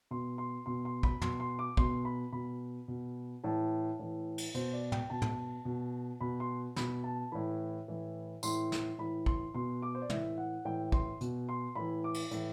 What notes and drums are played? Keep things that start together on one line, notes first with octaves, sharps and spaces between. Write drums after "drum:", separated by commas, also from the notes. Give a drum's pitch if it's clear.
B2 C6
C6
B2 C6
C6
B5, drum: kick
B2 C6, drum: tom
C6
D6
B2 C6, drum: kick
B5
B2 B5
B2
A2 E3 A5
A2 E3
drum: cymbal
B2 C5, drum: hi-hat
D5
G5, drum: tom
B2 A5
drum: tom
B2
B2 B5
C6
B2 B5, drum: snare
A5
A2 E3 B5
A2 E3
A2 E3 C6, drum: tambourine
drum: snare
A2 E3 B5
C6, drum: kick
B2 C6
D6
C5
D5
A2 E3 E5, drum: tom
F#5
A2 E3 G5
C6, drum: kick
B2, drum: hi-hat
C6
A2 E3 B5
D6
drum: cymbal
A2 E3, drum: hi-hat